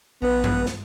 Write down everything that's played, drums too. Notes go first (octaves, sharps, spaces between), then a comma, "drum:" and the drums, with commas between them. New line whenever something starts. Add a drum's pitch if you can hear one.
A#1 B3 B4
drum: tom G2
drum: snare